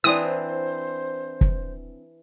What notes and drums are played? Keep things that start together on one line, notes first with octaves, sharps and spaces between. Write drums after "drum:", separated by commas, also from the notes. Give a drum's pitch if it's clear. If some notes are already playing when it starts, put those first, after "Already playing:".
E3 C4 D4 C5 D#6
drum: kick